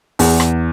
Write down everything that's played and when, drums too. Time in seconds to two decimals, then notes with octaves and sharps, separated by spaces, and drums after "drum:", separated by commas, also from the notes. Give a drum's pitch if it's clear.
0.19 E2, drum: open hi-hat
0.40 drum: rim click